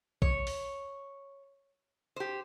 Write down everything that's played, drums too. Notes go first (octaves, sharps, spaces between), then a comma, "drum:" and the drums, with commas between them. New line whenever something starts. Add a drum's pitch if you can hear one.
C#5, drum: kick A#1
drum: open hi-hat
G4 C5